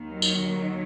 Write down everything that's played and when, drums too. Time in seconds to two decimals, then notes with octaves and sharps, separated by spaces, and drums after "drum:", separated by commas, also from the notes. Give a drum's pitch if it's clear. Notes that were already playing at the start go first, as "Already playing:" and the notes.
Already playing: D#2 D#3
0.09 F#3
0.22 drum: tambourine